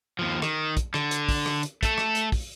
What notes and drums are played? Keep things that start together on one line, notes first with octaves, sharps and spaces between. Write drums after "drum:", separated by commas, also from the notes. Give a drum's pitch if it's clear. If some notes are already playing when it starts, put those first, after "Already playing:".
D#2 F3
D#3, drum: rim click
drum: kick, hi-hat
D3, drum: rim click
drum: hi-hat
drum: kick, open hi-hat
drum: rim click
drum: hi-hat
A3 A4, drum: kick, hi-hat
drum: rim click
drum: hi-hat
drum: kick, open hi-hat